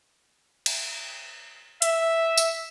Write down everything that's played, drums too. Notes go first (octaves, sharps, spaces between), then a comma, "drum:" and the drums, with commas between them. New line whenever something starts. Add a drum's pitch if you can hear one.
drum: cymbal
E5, drum: hi-hat
drum: tambourine